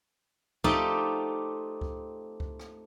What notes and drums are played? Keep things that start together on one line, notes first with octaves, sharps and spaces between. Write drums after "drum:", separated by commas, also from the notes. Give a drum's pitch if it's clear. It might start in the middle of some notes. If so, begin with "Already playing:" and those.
A3 C4 D#4 F4 G4 D5, drum: kick C#2
drum: kick C#2
drum: kick C#2
drum: rim click